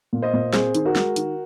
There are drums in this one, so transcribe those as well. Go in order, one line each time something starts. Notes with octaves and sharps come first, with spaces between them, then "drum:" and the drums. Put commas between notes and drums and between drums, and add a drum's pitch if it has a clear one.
A#2
C5 D#5
A#2
C4 G#4 C5, drum: snare
D#3, drum: hi-hat
F#4 A#4
G#3, drum: snare
D#3, drum: hi-hat